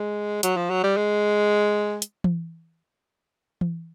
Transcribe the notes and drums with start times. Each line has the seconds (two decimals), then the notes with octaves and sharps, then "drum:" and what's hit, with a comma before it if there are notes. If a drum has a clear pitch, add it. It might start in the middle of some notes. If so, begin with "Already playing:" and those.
Already playing: G#3
0.43 F#3, drum: hi-hat
0.56 F3
0.70 F#3
0.83 G3
0.97 G#3
2.02 drum: hi-hat
2.24 drum: tom E3
3.61 drum: tom E3